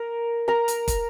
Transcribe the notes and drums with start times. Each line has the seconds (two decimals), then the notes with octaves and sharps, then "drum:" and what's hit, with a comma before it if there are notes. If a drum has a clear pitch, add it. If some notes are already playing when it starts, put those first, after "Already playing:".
Already playing: A#4
0.48 A#4 A#5
0.68 drum: hi-hat
0.88 drum: kick, hi-hat